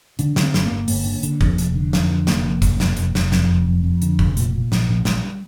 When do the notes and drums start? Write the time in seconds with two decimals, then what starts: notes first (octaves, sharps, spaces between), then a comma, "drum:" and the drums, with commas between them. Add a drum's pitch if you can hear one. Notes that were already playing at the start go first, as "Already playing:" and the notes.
0.19 D3 D4, drum: hi-hat
0.36 D3, drum: snare
0.43 C4
0.54 G1, drum: snare
0.66 G1 A#3
0.88 G1 A#3, drum: open hi-hat
1.05 D3
1.23 D3, drum: hi-hat
1.41 F2, drum: kick
1.58 F1, drum: hi-hat
1.75 D3
1.93 F2, drum: snare
2.10 D3
2.27 F1 A#3, drum: snare
2.45 F2
2.62 F1, drum: kick, hi-hat
2.80 F1, drum: snare
2.97 F1, drum: hi-hat
3.15 F1, drum: snare
3.32 F2, drum: snare
3.49 F1
3.67 F2
3.84 F2
4.02 D3, drum: hi-hat
4.19 F1, drum: kick
4.37 A#2, drum: hi-hat
4.54 A#2
4.72 A#1, drum: snare
4.89 A#1
5.05 A#1 G3, drum: snare